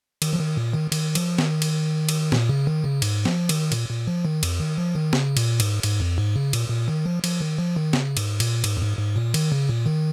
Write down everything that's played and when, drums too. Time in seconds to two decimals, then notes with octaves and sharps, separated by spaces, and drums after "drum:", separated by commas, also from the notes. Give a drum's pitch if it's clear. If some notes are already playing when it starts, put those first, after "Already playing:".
0.22 D#3, drum: cymbal
0.33 F3
0.39 D#3
0.57 A#2
0.73 D#3
0.92 D#3, drum: cymbal
1.15 F3, drum: cymbal
1.38 D#3, drum: snare
1.62 drum: cymbal
2.09 drum: cymbal
2.32 A#2, drum: snare
2.49 C#3
2.67 D#3
2.84 C#3
3.02 G#2, drum: cymbal
3.25 F3, drum: snare
3.49 D#3, drum: cymbal
3.72 A#2, drum: cymbal
3.90 A#2
4.07 F3
4.25 D#3
4.43 F2, drum: cymbal
4.60 D#3
4.78 F3
4.95 D#3
5.13 C#3, drum: snare
5.37 A#2, drum: cymbal
5.60 G#2, drum: cymbal
5.83 G#2, drum: cymbal
6.00 F2
6.18 G#2
6.36 C#3
6.53 A#2, drum: cymbal
6.70 A#2
6.88 D#3
7.06 F3
7.24 F3, drum: cymbal
7.41 D#3
7.59 F3
7.76 D#3
7.93 C#3, drum: snare
8.17 G#2, drum: cymbal
8.40 A#2, drum: cymbal
8.64 G#2, drum: cymbal
8.77 F2
8.81 G#2
8.99 G#2
9.16 A#2
9.34 D#3, drum: cymbal
9.52 C#3
9.69 A#2
9.86 D#3